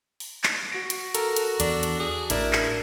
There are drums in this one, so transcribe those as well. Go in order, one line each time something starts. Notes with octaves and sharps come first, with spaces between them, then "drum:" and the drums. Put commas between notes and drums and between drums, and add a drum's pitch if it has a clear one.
drum: open hi-hat
drum: clap
F#4 A#6 D7
drum: hi-hat
A4 A#4, drum: hi-hat
drum: hi-hat
E2 D4, drum: hi-hat
drum: hi-hat
G#4
A1 D4 E4 A#4 D5, drum: hi-hat
drum: clap